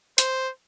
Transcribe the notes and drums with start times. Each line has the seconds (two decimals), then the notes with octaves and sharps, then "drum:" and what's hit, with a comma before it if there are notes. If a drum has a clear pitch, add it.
0.18 C5, drum: hi-hat